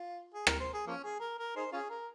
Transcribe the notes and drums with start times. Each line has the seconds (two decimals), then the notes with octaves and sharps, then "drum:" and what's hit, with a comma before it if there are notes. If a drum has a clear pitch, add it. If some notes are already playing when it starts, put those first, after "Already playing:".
Already playing: F4
0.34 G#4
0.47 A#4, drum: rim click
0.59 C5
0.73 G#4
0.87 F3 A#3 C#4
1.04 G#4
1.20 A#4
1.39 A#4
1.56 D#4 G#4 C5
1.72 C#4 F4 G#4
1.90 A#4